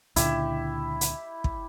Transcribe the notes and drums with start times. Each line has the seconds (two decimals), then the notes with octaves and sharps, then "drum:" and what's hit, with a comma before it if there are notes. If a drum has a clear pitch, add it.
0.16 C#2 A#2 D3 E4 G4, drum: hi-hat
1.01 drum: hi-hat
1.44 drum: kick